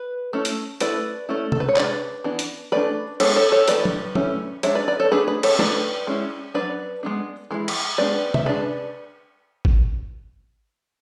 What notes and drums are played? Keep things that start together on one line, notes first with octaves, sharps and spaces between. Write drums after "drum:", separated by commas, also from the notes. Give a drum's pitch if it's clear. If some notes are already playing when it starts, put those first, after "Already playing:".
Already playing: B4
A3 C#4 E4
drum: hi-hat
A3 E4 B4 D5, drum: hi-hat
A3 C#4 E4
A4, drum: tom
B4
C#5
G#3 D4 B4 D5, drum: clap
E3 B3 D4
drum: hi-hat
E3 A3 D4 B4 D5
G#3 B3 D4 A4 C#5, drum: cymbal
A4 C#5
A4 C#5
E3 A3 E4 B4 D5, drum: hi-hat
drum: tom
A3 C#4 E4, drum: tom
G#3 D4 C#5 E5, drum: hi-hat
B4 D5
B4 D5
A4 C#5
A3 D4 G#4 B4
G#4 B4
A4 C#5, drum: cymbal
A3 D4 B4 D5, drum: snare
G#3 C#4 E4
F#3 B3 D4 B4 D5
G#3 B3 D4
E3 G#3 E4
drum: cymbal
G#3 B3 D4 B4 D5
E5, drum: tom
G#3 D4 B4 D5
drum: kick G#1